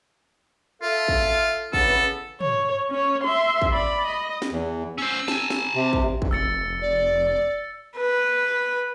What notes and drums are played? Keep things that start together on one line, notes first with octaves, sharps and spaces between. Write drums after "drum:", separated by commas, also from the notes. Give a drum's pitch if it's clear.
F4 A4 E5
drum: kick
C#3 E3 B3 A4, drum: kick
C#5, drum: tom
C#4 C#5
E5 C6
drum: kick
D5 B5
D#5
drum: snare
E2
C#4 C5 E6
G#5 A5, drum: snare
drum: snare
C3
drum: kick
drum: kick
F1 E6 A6 C#7
D5
B4